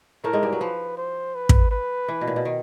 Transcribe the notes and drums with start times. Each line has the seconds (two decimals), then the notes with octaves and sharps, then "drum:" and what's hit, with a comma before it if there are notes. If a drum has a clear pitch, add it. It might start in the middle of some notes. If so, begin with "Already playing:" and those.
0.24 A2 A3 A#4
0.33 G#2 G#3
0.43 G2 G3
0.53 F#3
0.61 F3 B4
0.98 C5
1.35 B4
1.49 drum: kick
1.71 B4
2.08 E3
2.21 B2
2.27 A#2
2.36 B2
2.45 D#3